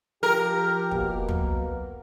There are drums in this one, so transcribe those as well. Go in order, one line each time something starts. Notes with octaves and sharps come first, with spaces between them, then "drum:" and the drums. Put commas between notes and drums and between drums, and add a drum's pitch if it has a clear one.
F3 G4 A#4
B2 A#3, drum: kick
drum: tom